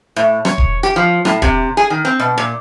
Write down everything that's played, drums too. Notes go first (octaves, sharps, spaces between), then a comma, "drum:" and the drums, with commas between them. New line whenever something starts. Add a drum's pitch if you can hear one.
A2
C#5, drum: rim click
drum: kick E1
G4
F3
A2, drum: rim click
C3, drum: kick E1
G#4
D#3
C4
B2
A#2